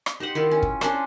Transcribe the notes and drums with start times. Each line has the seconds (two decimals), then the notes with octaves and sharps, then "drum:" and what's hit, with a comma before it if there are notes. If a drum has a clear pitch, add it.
0.06 drum: rim click
0.20 D#4 G4 C5 F#5
0.35 D#3 E4 F4
0.51 C#4
0.62 drum: kick
0.81 C#4 D4 C5, drum: rim click